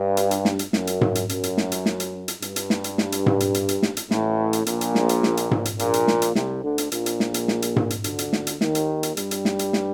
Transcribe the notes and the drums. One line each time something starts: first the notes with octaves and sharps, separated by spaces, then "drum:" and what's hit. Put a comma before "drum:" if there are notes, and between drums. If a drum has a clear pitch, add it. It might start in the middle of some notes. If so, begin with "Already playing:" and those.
Already playing: G2
drum: hi-hat
drum: hi-hat
drum: snare
drum: hi-hat
F#2, drum: snare
drum: hi-hat
drum: tom G#2
drum: hi-hat
F#2, drum: hi-hat
drum: hi-hat
drum: snare
drum: hi-hat
drum: snare
drum: hi-hat
drum: hi-hat
G2, drum: hi-hat
drum: hi-hat
drum: snare
drum: hi-hat
drum: snare
drum: hi-hat
drum: tom G#2
drum: hi-hat
drum: hi-hat
drum: hi-hat
drum: snare
drum: hi-hat
A1 A2, drum: snare
drum: hi-hat
A#1 A#2, drum: hi-hat
drum: hi-hat
drum: snare
drum: hi-hat
drum: snare
drum: hi-hat
drum: tom G#2
drum: hi-hat
A#1 A#2, drum: hi-hat
drum: hi-hat
drum: snare
drum: hi-hat
C2 C3, drum: snare
D2 D3
drum: hi-hat
A#1 A#2, drum: hi-hat
drum: hi-hat
drum: snare
drum: hi-hat
drum: snare
drum: hi-hat
drum: tom G#2
drum: hi-hat
D2 D3, drum: hi-hat
drum: hi-hat
drum: snare
drum: hi-hat
D#2 D#3, drum: snare
drum: hi-hat
drum: hi-hat
G2 G3, drum: hi-hat
drum: hi-hat
drum: snare
drum: hi-hat
drum: snare